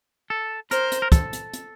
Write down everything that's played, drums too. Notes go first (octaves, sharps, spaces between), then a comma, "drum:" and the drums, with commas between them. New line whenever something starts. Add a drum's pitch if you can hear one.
A4
A#4 C5, drum: hi-hat
drum: hi-hat
A#4
A4, drum: kick, hi-hat
drum: hi-hat
drum: hi-hat